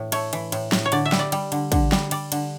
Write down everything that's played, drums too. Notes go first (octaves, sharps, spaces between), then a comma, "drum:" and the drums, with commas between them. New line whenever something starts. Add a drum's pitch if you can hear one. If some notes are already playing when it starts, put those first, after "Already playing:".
Already playing: A2 E3
A3 C#5, drum: cymbal
E3, drum: cymbal
A2, drum: cymbal
A2, drum: snare
C#5
D3 D5, drum: cymbal
E5
G3, drum: snare
D5
G3, drum: cymbal
D3, drum: cymbal
D3, drum: kick, cymbal
G3, drum: snare
G3 D5, drum: cymbal
D3, drum: cymbal